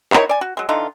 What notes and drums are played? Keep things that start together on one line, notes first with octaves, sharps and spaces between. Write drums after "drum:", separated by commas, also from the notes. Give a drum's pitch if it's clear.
D#4 E4 A#4 C#5, drum: clap
D5 G#5
F#4
F#3 G#3
D3 E3 D#4 F4